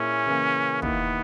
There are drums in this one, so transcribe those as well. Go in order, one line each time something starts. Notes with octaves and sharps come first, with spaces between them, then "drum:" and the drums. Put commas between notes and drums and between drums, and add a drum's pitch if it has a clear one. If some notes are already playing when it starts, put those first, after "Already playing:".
Already playing: A#2 A#3 C#4 E4 G#4
C#3 E3 A#3
D#2 D#3 A#3 B3 E4, drum: kick